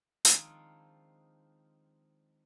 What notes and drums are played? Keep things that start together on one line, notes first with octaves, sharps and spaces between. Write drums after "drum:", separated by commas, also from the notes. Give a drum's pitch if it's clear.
D#3 F3 G#3 C4 D4 D#4, drum: hi-hat